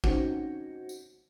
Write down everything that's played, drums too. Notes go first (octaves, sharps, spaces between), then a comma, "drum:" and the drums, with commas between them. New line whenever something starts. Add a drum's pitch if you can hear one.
C4 C#4 D#4 F#4, drum: kick A1
drum: tambourine